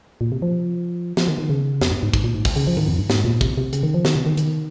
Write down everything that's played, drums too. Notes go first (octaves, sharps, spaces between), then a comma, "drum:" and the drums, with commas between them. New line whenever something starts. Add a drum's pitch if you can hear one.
A#2
C3
F3
F3, drum: snare
D#3
D#3
C#3
F2, drum: snare
G2
G#2
G#2, drum: kick
A#2
G#2
drum: kick, open hi-hat
C#3
F3
D#3, drum: tom G#2
F2
G2
G#2, drum: snare
A#2
C3, drum: kick
C3
C#3, drum: hi-hat
D#3
F3
D#3, drum: snare
C3
D#3
D#3, drum: hi-hat